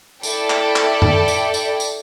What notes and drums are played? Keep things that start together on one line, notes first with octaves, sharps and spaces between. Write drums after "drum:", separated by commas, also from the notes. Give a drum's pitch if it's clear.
E4 A4 D5 G5, drum: tambourine
drum: clap
drum: clap
drum: tom F#2
drum: tambourine
drum: tambourine
drum: tambourine